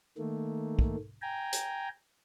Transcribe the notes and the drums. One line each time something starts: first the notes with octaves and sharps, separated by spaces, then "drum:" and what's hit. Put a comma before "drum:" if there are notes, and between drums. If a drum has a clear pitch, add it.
D#3 A3 A#3
drum: kick
G5 G#5 A#5
drum: hi-hat